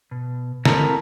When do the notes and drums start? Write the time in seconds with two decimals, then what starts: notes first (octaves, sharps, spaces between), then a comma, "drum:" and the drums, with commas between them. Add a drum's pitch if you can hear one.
0.11 B2
0.65 C4 E4 A4 A#4 A5 A#5, drum: snare